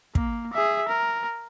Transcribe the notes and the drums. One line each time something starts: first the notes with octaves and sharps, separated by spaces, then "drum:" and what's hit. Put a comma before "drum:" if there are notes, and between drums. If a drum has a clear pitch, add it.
A#3, drum: kick
G#4 E5
A#4